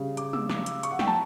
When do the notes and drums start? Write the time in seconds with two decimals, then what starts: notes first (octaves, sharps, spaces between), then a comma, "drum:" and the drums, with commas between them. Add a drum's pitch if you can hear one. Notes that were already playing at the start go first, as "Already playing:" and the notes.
Already playing: C#3 G3
0.17 D6, drum: hi-hat
0.33 E6, drum: tom
0.50 D6, drum: snare
0.66 drum: hi-hat
0.83 C#6, drum: hi-hat
0.91 F#5
0.99 G5, drum: snare
1.07 A5